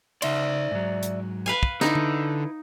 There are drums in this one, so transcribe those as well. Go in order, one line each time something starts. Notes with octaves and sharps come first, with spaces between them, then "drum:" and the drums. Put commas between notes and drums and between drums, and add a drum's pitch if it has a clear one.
C#3 D#4 D5 E5 C6, drum: cymbal
G#2 F#3
drum: hi-hat
B4 F5 G#5
drum: kick
D3 D#4 E4 B4, drum: snare
drum: tom D3